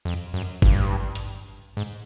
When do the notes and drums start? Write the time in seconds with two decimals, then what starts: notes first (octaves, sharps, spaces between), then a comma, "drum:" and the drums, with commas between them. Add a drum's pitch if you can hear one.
0.05 F2
0.34 F#2
0.62 G2, drum: kick G1
1.15 drum: hi-hat
1.77 G#2